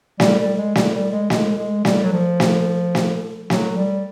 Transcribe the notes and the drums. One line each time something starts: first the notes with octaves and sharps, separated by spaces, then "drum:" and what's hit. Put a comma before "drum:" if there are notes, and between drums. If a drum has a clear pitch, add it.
G3, drum: snare
G3
G#3
G3, drum: snare
G3
G#3
G#3, drum: snare
G#3
G3, drum: snare
F#3
F3
drum: snare
drum: snare
F#3, drum: snare
G3